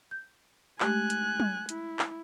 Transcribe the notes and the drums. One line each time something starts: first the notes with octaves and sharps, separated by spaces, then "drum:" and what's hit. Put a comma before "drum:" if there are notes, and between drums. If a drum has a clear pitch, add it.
G6
G#3 A3 G4 G#5 F#6, drum: clap
drum: hi-hat
drum: tom
E4, drum: hi-hat
drum: clap